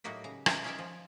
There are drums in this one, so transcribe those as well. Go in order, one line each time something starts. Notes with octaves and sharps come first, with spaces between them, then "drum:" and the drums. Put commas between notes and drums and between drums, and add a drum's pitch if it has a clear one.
A2 F#3 A#3 D#4 F#4 G4
C#3 A#5
A#3 C#4 E4 B4 D#5 G5, drum: rim click
C#4 D#4 A#4 C#5 D5 E5
F3